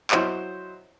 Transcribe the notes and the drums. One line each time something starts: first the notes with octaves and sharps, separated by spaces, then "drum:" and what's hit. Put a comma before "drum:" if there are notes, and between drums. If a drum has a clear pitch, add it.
F#3 E4 F#4 C5 C#5 D#5, drum: clap